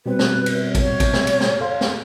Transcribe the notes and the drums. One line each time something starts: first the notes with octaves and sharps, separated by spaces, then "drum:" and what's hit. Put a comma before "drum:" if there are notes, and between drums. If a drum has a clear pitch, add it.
B2 G3 C4 B4
drum: snare
drum: cymbal
C#5, drum: kick, cymbal
drum: kick, cymbal
drum: snare
drum: cymbal
drum: snare
A4 F5 C6
drum: snare